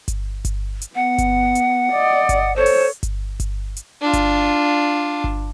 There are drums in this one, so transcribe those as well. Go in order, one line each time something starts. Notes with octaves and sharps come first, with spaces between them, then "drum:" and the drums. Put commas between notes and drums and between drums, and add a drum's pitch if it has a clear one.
drum: kick G1, hi-hat
drum: kick G1, hi-hat
drum: hi-hat
B3 F#5
drum: kick G1, hi-hat
drum: hi-hat
D5 D#5
drum: kick G1, hi-hat
A4 C5 C#5
drum: open hi-hat
drum: kick G1, hi-hat
drum: kick G1, hi-hat
drum: hi-hat
D4 F4
drum: kick G1, hi-hat
drum: kick G1